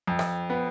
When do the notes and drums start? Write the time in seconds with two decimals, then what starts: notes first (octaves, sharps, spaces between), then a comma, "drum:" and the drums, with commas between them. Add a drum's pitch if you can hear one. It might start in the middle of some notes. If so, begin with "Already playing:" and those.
0.07 F2
0.19 drum: rim click
0.50 B3